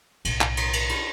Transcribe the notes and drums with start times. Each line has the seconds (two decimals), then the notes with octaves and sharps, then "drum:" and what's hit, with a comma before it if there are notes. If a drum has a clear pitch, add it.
0.25 B1 A2, drum: cymbal
0.41 drum: clap
0.57 drum: cymbal
0.73 drum: cymbal
0.89 drum: cymbal